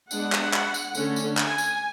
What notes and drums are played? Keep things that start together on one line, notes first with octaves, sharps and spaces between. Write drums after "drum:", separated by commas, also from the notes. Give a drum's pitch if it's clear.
G#3 B3 D4 F#5, drum: tambourine
drum: clap
drum: clap
drum: tambourine
D3 A3 C#4, drum: tambourine
drum: tambourine
G#5, drum: clap
drum: tambourine